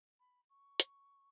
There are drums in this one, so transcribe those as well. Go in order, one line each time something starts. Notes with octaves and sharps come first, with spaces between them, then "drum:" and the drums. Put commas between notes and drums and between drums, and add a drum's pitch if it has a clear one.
B5
C#6
drum: hi-hat